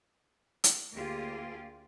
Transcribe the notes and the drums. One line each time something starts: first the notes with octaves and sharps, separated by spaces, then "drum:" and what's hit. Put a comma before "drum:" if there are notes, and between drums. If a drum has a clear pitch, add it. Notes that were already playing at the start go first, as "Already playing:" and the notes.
drum: hi-hat
D2 A#3 F4 G4 G#4